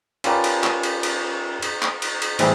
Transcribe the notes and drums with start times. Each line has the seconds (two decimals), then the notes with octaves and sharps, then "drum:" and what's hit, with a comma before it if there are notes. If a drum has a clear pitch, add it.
0.24 C#4 F4 G4 A#4 B4 D5, drum: cymbal
0.44 drum: cymbal
0.64 drum: clap
0.83 drum: cymbal
1.03 drum: cymbal
1.63 drum: cymbal
1.82 drum: clap
2.02 drum: cymbal
2.22 drum: cymbal
2.39 A2 E3 G3 C4 E4 G#4, drum: cymbal